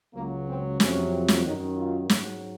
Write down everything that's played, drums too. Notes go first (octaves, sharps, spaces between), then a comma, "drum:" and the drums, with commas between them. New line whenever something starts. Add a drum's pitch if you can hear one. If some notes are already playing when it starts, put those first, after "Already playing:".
C#2 C#3 F#3 A#3
C4
F2 C3 F#3 C#4, drum: snare
drum: snare
F#2 D#3 F#3 D#4
F4
G#2 F#3, drum: snare